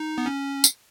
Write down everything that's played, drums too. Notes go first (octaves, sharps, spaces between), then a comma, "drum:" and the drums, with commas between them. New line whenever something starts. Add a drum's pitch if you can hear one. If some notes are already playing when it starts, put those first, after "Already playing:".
Already playing: D#4
B3
C#4
drum: tambourine